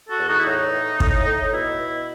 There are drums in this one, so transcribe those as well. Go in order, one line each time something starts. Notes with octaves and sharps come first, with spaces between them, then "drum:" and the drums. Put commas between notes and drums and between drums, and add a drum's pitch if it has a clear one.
F#4 A4
E2
D#4 F#4
E4
A2 D#4
A2
A2, drum: kick
A2
B2 E4
B2